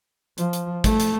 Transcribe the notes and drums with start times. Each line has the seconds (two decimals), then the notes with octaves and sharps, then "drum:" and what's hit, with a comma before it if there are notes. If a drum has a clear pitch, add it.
0.38 F3, drum: hi-hat
0.53 drum: hi-hat
0.84 A3, drum: kick, hi-hat
1.00 drum: hi-hat